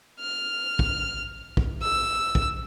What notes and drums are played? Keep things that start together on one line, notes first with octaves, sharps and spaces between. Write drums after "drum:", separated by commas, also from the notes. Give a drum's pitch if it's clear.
F6
drum: kick
drum: kick
E6
drum: kick